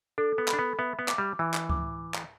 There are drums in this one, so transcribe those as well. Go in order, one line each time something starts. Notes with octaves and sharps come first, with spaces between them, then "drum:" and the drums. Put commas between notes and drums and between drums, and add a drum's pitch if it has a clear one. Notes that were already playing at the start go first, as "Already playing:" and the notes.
D4 A4
B3
B5, drum: clap
D4
B3
B3 E5
B3
D6, drum: clap
G3
E3 E5
drum: clap
D6, drum: kick C#2
drum: clap